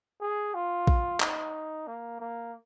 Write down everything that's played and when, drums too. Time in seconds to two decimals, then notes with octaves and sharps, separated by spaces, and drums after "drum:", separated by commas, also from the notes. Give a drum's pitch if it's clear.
0.21 G#4
0.55 F4
0.87 drum: kick A#1
1.20 D#4, drum: clap
1.87 A#3
2.20 A#3